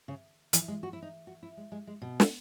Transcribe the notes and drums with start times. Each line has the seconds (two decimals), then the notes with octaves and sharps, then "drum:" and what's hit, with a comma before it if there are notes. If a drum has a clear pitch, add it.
0.08 C#3
0.53 E3, drum: hi-hat
0.68 G#3
0.83 F#4
0.93 E4
1.02 D#4
1.27 F#4
1.43 E4
1.57 G#3
1.72 G#3
1.87 G#3
2.02 B2
2.20 drum: snare